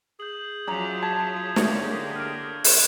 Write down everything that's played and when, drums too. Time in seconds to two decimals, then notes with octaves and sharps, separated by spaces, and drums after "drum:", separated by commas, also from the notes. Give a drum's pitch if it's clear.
0.20 G#4 G6 F#7
0.67 F#3 C#4 F4 E5 A#5 D6 G6 F7
1.03 A5 G#6
1.56 D3 A#3 E4 G4 C#5 C#6 C#7, drum: snare
2.16 F6 D7
2.64 drum: open hi-hat